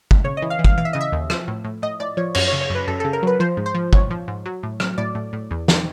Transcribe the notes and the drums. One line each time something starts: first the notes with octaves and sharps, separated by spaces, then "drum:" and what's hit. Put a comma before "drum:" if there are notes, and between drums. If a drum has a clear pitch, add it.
drum: kick
C#3 C#5
D#5
E3
F5
E3
F5, drum: kick
E3 F5
E5
C#3 D#5
E5
D#2
F3, drum: rim click
A2
A2
A2 D#5
A2 D5
F3 C#5
F#2 C#5, drum: cymbal
C#5
C#3
C#5
F#2
B4
F#2 A4
C#3 A4
A#4
F#3 B4
F3 C5
G#2
C5
F3
G#2 C#5, drum: kick
F3
G#2
F#3
A2
F#3, drum: rim click
A2 D5
A2
A2
E2
D#3, drum: snare